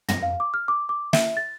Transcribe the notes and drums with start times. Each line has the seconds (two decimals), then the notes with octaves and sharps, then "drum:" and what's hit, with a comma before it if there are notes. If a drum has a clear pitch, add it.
0.08 A#6, drum: tom
0.23 F5
0.40 D6
0.54 F6
0.68 D6
0.89 D6
1.13 E5, drum: snare
1.37 A6